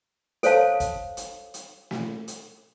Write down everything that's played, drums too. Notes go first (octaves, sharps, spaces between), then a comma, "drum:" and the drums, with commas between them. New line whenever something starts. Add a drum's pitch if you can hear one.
A4 C5 C#5 F5 A5, drum: hi-hat
drum: kick, hi-hat
drum: hi-hat
drum: hi-hat
drum: snare
drum: hi-hat